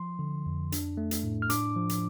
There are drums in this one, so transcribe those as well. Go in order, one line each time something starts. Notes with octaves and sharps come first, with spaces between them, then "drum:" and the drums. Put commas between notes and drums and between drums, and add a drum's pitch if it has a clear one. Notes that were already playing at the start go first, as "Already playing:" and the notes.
Already playing: F3 C6
D3
F2
D4, drum: hi-hat
A3
drum: hi-hat
A2
F6
D4 D6, drum: hi-hat
F3
drum: hi-hat